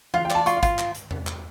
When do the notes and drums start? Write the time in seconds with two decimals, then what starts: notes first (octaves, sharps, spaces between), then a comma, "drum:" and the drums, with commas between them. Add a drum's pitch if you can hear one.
0.14 F4 F5, drum: tom E3
0.25 G5
0.30 D5 A5, drum: clap
0.46 F4 C#6, drum: hi-hat
0.57 F5
0.63 F4, drum: kick, hi-hat
0.78 drum: clap
0.95 drum: hi-hat
1.11 drum: tom E2
1.27 drum: clap